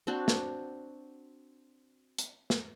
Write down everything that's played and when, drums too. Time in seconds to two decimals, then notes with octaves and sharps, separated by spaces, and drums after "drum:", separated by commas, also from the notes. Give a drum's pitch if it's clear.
0.07 C4 D4 F#4
0.28 drum: snare
2.18 drum: hi-hat
2.50 drum: snare